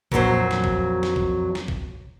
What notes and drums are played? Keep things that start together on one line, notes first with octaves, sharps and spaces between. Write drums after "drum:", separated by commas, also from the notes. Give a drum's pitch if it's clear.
F2 A#2 D3 F#3 C5, drum: kick
drum: snare
drum: kick
drum: snare
drum: kick
drum: snare
drum: kick